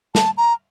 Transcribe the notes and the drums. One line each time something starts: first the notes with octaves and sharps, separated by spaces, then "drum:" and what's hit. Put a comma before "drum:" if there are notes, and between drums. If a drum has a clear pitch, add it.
A5, drum: snare
A#5